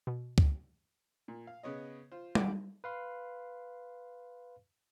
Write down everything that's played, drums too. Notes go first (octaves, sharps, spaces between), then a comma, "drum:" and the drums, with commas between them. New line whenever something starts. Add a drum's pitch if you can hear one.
B2
drum: kick C#2
A#2
F5
C#3 B3 C#5 D#5
F4 C5
D#2 E3 G4 F#5 D6, drum: tom G3
B4 F5 C6